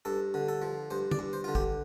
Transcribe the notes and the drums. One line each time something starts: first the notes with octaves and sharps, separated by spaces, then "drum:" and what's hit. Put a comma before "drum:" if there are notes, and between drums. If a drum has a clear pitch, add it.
G2 A4
D3
A4
F3
G2 C5
D5, drum: tom
G2
C5
D3 F4
G4, drum: kick